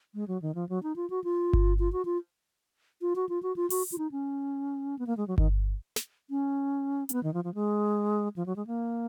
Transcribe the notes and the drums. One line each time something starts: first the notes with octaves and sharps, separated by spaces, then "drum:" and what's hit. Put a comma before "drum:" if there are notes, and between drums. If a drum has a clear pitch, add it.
G#3
F#3
D#3
F3
F#3
D#4
F4
F#4
F4
drum: kick G1
F4
F#4
F4
F4
F#4
F4
F#4
F4
F#4, drum: open hi-hat
F4
D#4
C#4
B3
A#3
G#3
F#3
D#3, drum: kick G1
drum: snare
C#4
C#4, drum: hi-hat
B3
D#3
F3
F3
G#3
F3
F#3
G#3
A#3